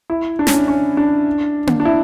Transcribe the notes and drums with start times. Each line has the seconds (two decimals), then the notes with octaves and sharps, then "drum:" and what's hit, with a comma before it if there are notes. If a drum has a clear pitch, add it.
0.10 E4
0.39 D4
0.47 C#4, drum: snare
0.54 D4
0.68 C#4
0.97 D4
1.67 drum: tom A#3
1.80 D4
1.85 E4